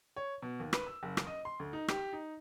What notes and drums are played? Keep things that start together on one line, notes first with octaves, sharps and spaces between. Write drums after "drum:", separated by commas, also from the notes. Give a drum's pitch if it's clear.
C#5
B2
D#2
B4, drum: rim click
E6
F#1
drum: rim click
D#5
C6
D2
D#4
G4, drum: rim click
D#4